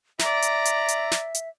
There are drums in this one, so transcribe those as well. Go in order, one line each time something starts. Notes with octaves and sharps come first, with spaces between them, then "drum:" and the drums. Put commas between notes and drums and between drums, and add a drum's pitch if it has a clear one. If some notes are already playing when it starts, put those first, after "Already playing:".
D5 E5 A#5, drum: snare
drum: hi-hat
drum: hi-hat
drum: hi-hat
drum: snare
drum: hi-hat